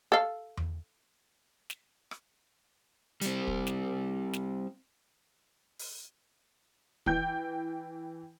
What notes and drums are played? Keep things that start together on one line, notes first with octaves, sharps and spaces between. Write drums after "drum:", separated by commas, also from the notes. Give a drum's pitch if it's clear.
A4 F5
drum: tom E2
drum: snare
drum: rim click
G3 C4, drum: hi-hat
drum: kick
drum: snare
drum: snare
drum: open hi-hat
E3 G5 G6, drum: kick